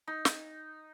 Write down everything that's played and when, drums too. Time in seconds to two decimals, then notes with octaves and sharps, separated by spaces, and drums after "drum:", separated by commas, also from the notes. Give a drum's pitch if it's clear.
0.07 D#4
0.25 drum: snare